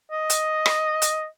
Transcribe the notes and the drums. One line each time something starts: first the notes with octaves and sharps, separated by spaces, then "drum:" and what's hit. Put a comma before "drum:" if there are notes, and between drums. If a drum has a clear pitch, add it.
D#5
drum: hi-hat
drum: rim click
drum: hi-hat